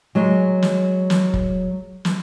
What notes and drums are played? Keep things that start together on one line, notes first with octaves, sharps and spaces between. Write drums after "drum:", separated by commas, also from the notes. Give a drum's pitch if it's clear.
F#3 G#3
drum: snare
drum: snare
drum: kick
drum: snare